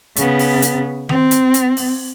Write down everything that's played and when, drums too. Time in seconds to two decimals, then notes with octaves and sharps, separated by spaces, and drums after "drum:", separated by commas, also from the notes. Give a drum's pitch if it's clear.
0.16 C#3 B3, drum: hi-hat
0.39 drum: open hi-hat
0.62 drum: hi-hat
1.09 C4, drum: tom D#3
1.31 drum: hi-hat
1.54 drum: hi-hat
1.77 drum: open hi-hat